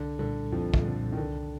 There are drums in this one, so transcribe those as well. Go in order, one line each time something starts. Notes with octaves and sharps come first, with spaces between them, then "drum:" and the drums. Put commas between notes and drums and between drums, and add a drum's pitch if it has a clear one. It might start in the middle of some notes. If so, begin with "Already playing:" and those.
Already playing: C2 D3
A#2 D3 G3
C2 F2 F3
drum: kick
A#2 D3 G3
D#3
C2 D3